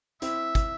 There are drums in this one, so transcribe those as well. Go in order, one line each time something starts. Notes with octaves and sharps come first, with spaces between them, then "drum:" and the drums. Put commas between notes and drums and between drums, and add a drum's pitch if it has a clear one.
C4 E4 E5, drum: hi-hat
drum: kick, hi-hat